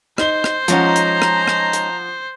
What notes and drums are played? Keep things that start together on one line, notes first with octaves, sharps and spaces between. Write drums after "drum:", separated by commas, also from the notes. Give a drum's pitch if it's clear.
D#4 C5 G7, drum: rim click
drum: rim click
F3 G#3 C#4 D#4 F#5 A#5, drum: hi-hat
drum: hi-hat
drum: rim click
drum: rim click
drum: hi-hat